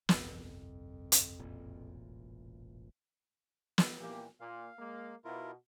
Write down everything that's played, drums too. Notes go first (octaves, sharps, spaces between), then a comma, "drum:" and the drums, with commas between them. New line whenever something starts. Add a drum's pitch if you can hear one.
G1 C2 F2, drum: snare
drum: hi-hat
E1 A1 A#2
drum: snare
A#2 E3 A#3 G4
A#2 F5
G#3 A#3
B2 E4 F4 A#4